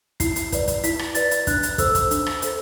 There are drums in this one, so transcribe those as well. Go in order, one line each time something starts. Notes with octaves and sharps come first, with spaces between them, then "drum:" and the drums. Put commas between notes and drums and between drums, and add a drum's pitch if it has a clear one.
E4 C7, drum: kick, hi-hat
drum: hi-hat
B4 D5, drum: kick, hi-hat
drum: kick, hi-hat
E4 B6, drum: hi-hat
drum: rim click
B4 D5 A6, drum: hi-hat
drum: hi-hat
D4 F#6, drum: kick, hi-hat
drum: hi-hat
A4 C5 E6, drum: kick, hi-hat
drum: kick, hi-hat
D4, drum: hi-hat
drum: rim click
A4 C5, drum: hi-hat